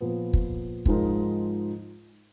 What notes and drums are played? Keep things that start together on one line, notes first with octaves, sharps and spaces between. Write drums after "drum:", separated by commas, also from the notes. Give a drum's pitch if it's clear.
A#2 F3 B3
drum: kick
G#2 F3 G#3 D#4 A#4, drum: kick